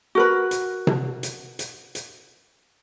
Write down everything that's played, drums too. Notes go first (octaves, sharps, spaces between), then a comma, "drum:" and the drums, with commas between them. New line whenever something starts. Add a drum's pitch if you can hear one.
F#4 A#4 B4
drum: hi-hat
drum: tom C3
drum: hi-hat
drum: hi-hat
drum: hi-hat